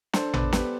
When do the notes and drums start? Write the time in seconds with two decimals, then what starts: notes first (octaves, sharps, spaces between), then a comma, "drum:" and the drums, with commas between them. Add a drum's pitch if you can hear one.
0.13 D4 A4 C5, drum: snare
0.33 B3 B4 D5, drum: tom A1
0.53 B3 G4 B4, drum: snare